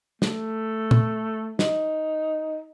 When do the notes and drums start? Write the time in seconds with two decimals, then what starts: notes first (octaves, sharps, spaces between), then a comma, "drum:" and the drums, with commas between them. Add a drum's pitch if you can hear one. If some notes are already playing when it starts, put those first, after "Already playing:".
0.22 A3, drum: snare
0.91 drum: tom
1.59 D#4, drum: snare